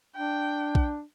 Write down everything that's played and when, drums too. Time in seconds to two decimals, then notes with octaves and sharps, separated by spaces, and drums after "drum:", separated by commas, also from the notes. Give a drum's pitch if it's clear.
0.16 D4 G5
0.75 drum: kick B1